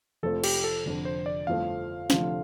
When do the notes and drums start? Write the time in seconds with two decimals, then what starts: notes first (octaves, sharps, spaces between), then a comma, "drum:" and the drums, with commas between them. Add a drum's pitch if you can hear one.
0.23 F1 F2 F3 A3 A4
0.44 G4, drum: cymbal
0.64 A4
0.85 F1 F2 D3
1.05 C5
1.26 D5
1.47 G1 F2 F3 A3 F5
2.10 F1 F2 D3 A3 F4, drum: snare